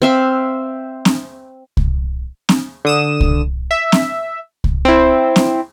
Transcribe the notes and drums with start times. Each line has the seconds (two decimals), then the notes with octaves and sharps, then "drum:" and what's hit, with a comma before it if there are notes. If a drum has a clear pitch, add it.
0.02 C4 E5 F5
1.05 drum: snare C4
1.77 drum: kick C2
2.49 drum: snare C4
2.85 D3 D#6 E7
3.20 drum: kick C2
3.71 E5
3.92 drum: snare C4
4.64 drum: kick C2
4.85 C4 E4
5.36 drum: snare C4